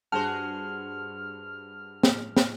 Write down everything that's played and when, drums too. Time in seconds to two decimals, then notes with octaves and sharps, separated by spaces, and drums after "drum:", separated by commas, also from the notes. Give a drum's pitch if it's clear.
0.12 G2 F#4 G#4 C5 A5 F6
2.03 drum: snare
2.37 drum: snare